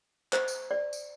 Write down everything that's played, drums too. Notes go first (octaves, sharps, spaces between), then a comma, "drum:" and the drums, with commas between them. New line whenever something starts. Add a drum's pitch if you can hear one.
C5, drum: clap
drum: tambourine
D5
drum: tambourine